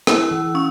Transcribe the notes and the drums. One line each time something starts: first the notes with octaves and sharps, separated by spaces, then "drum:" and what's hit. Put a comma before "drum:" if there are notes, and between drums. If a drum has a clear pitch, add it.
E4 E6, drum: rim click
E3
C#4 C#6